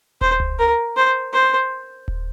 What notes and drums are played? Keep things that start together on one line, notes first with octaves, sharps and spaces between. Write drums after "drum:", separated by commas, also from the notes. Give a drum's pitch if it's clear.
C5, drum: kick D#1
drum: tom C#2
A#4
C5
C5
drum: kick D#1